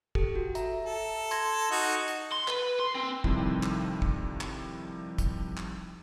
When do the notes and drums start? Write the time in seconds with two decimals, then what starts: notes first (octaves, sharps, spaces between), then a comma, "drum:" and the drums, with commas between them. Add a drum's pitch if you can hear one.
0.15 G4 A4, drum: kick
0.35 F#4
0.55 E5 A#5, drum: hi-hat
0.85 A4
1.31 C6 G#6 A#6, drum: hi-hat
1.71 D#4 F#4
2.08 drum: hi-hat
2.32 C6
2.48 B4, drum: clap
2.79 C6
2.95 C4
3.24 F2 C3 D#3 F3 G3 E4, drum: kick
3.63 drum: clap
4.02 drum: kick
4.41 drum: clap
5.18 drum: kick, hi-hat
5.57 drum: clap